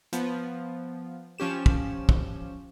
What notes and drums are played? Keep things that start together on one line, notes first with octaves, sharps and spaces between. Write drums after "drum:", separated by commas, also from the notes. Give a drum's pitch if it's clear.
F3 B3, drum: hi-hat
F3 C#4 G4 E7
drum: kick
drum: kick